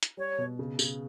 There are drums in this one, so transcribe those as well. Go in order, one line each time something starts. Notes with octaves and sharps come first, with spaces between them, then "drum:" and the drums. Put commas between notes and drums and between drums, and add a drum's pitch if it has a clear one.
drum: hi-hat
G3 C#5
B2
C#3
C#3, drum: tambourine